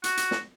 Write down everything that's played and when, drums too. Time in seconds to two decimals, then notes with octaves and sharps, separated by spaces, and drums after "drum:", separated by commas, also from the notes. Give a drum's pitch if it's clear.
0.04 F#4, drum: hi-hat
0.17 drum: hi-hat
0.31 drum: snare